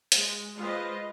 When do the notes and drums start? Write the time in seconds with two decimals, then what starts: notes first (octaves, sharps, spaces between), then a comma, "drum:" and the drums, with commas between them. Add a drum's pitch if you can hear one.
0.12 G#3, drum: hi-hat
0.57 G#3 F4 B4 C5 D#5